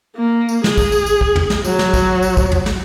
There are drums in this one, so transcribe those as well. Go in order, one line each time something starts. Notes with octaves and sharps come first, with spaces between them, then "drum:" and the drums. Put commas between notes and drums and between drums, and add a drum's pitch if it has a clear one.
A#3
drum: tambourine
G#4, drum: snare
drum: kick, tambourine
drum: tambourine
drum: tambourine
drum: kick
drum: tom
drum: snare
F#3, drum: tambourine
drum: snare
drum: kick, tambourine
drum: tambourine
drum: kick, tambourine
drum: tom
drum: snare